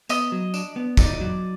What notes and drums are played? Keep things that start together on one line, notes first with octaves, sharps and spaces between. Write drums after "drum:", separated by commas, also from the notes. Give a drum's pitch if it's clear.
B3 D#5, drum: tambourine
F#3
D4, drum: tambourine
B3
D#4 D5, drum: kick, tambourine
F#3